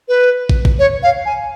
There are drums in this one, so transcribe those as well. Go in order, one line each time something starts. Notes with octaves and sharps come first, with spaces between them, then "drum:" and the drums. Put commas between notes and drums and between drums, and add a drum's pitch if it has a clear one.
B4
drum: kick
drum: kick
C#5
F5
G#5